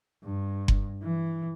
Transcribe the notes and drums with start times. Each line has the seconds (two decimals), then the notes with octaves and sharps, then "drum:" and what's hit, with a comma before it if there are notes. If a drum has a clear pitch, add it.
0.25 G2
0.68 drum: kick F#1
1.03 E3